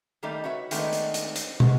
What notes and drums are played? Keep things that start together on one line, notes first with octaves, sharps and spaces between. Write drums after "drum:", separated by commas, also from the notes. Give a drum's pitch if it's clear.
D#3 G3 A3 A#3 D#4
F#4 B4 C#5 E5
D#3 G#3 A3 B3 D4 D#4, drum: hi-hat
drum: hi-hat
drum: hi-hat
drum: hi-hat
G#3 C#4 F#4 G#4, drum: tom